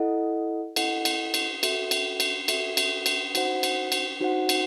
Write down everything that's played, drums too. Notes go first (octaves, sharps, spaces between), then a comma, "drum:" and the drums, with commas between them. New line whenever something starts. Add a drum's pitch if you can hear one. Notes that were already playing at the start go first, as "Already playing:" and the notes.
Already playing: E4 A4 D#5 F#5
E4 A4 D#5 F#5, drum: cymbal
drum: cymbal
drum: cymbal
F#4 A4 E5, drum: cymbal
drum: cymbal
drum: cymbal
F#4 A4 E5, drum: cymbal
drum: cymbal
drum: cymbal
D#4 F#4 C5 F#5, drum: cymbal
drum: cymbal
drum: cymbal
D#4 F#4 C5 F#5
drum: cymbal